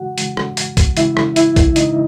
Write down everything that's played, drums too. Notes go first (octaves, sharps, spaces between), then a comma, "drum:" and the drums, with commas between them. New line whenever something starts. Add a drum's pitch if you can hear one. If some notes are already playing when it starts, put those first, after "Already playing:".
Already playing: C#3 E3 G#3 F#4 F#5
C#3 E3 G#3, drum: hi-hat
drum: rim click
drum: hi-hat
drum: kick, hi-hat
C#3 E3 G#3 E4 E5, drum: hi-hat
drum: rim click
E4 E5, drum: hi-hat
drum: kick, hi-hat
C#3 E3 G#3 D#4 D#5, drum: hi-hat